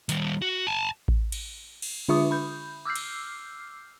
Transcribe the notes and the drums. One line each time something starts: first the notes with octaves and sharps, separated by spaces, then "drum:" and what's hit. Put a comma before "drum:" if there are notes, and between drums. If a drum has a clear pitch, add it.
D#3 G3, drum: hi-hat
F#4
G#5 A5
drum: kick A1
drum: cymbal
drum: cymbal
D3 D4 F4 E5 C#6 D#6
B5 G6
D6 E6 F6 G6 C7
drum: cymbal